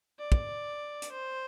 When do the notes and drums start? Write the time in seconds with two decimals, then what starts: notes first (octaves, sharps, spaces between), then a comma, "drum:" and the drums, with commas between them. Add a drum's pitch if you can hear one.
0.19 D5
0.32 drum: kick
1.02 drum: hi-hat
1.12 C5